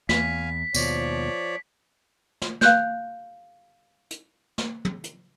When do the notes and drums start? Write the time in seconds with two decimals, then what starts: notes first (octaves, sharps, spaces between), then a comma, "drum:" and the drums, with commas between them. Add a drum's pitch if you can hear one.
0.09 E2 F5 G#5 B6, drum: snare
0.75 D#2 B2 F3 C#5 D5, drum: tambourine
2.42 drum: snare
2.61 F5 F#6 G6, drum: snare
4.11 drum: hi-hat
4.58 drum: snare
4.85 drum: tom
5.04 drum: hi-hat